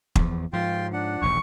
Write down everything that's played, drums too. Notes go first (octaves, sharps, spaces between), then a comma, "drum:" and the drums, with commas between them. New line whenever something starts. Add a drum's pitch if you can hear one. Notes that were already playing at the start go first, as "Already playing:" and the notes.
E2 F3, drum: kick
G#2 F3 F4 G5 C6
D4 F#5
E1 A#1 D#2 C#6